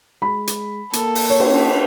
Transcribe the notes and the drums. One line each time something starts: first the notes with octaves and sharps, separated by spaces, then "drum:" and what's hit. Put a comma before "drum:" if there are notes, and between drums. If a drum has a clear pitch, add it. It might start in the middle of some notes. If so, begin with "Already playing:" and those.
G#3 B5
drum: hi-hat
A#3 A4, drum: hi-hat
drum: open hi-hat
C#5
drum: cymbal